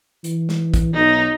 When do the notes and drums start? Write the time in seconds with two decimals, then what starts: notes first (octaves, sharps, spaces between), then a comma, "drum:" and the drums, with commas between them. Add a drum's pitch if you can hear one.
0.24 E3, drum: hi-hat
0.49 drum: snare
0.74 drum: kick, hi-hat
0.94 B1 D#4